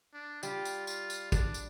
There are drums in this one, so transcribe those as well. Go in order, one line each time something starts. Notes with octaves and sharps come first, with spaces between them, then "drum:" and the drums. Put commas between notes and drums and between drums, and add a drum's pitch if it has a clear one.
D4
G3 F4, drum: tambourine
drum: tambourine
F4, drum: tambourine
drum: tambourine
D4, drum: kick, tambourine
drum: tambourine